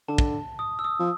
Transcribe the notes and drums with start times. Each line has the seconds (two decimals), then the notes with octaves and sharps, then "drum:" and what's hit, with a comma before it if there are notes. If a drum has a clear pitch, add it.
0.08 D3 A5
0.18 drum: kick
0.59 D#6
0.79 E6
0.84 D#6
1.00 F3